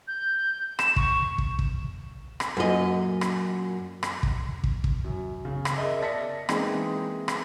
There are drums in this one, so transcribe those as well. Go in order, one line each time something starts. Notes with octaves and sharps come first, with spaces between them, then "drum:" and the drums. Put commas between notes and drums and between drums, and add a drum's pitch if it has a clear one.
G6
E7, drum: rim click
C#6, drum: kick
drum: kick
drum: kick
drum: rim click
F#2 A#2 D#5
drum: rim click
drum: rim click
drum: kick
drum: kick
drum: kick
F#2
C#3
drum: rim click
G#4 A#4 D#5 E5
D5 E5 A5 A#6 B6 C#7
E3 G#3 A#3 C4 D#4 G#4, drum: rim click
drum: rim click